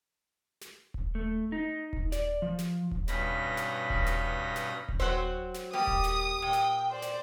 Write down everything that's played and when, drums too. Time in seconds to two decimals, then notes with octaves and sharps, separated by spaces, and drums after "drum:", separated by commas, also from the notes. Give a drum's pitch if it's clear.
0.61 drum: snare
0.94 drum: kick D#1
1.15 A3
1.52 D#4
1.93 drum: kick D#1
2.12 D5, drum: snare
2.42 F3
2.59 drum: snare
2.91 drum: kick D#1
3.08 G2 B2 C#4 D#4 B5 A#6, drum: snare
3.57 drum: snare
3.90 drum: kick D#1
4.06 drum: snare
4.56 drum: snare
4.89 drum: kick D#1
5.00 F#3 C4 C5 E5 F#5 C6
5.54 drum: snare
5.73 G3 A#3 G4 D#6
5.87 drum: kick D#1
6.04 drum: snare
6.42 A#2 G5
6.53 drum: snare
6.91 C5 D5
7.02 drum: snare